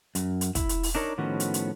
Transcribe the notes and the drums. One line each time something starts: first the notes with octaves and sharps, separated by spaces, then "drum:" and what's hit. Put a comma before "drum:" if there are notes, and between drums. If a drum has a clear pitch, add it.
F#2, drum: hi-hat
drum: hi-hat
E4, drum: kick, hi-hat
drum: hi-hat
drum: open hi-hat
D4 D#4 A#4 C#5
A2 D#3 F3 B3 C#4 F#4
drum: hi-hat
drum: hi-hat